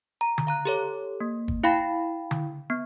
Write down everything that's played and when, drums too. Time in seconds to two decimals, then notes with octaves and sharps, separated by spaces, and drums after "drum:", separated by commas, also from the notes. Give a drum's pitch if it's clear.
0.21 A#5
0.38 drum: tom D3
0.47 F5 A#5 F#6
0.65 G4 A4 C#5
1.20 A#3
1.48 drum: kick
1.64 E4 F5 G5 B5 A6
2.31 drum: tom D3
2.70 B3